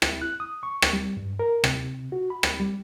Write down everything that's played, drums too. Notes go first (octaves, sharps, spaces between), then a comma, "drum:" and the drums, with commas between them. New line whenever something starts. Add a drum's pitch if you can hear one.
E4, drum: rim click
F#6
D#6
C#6
drum: rim click
G3
G2
A#4
C3, drum: rim click
F#4
B5
drum: rim click
G3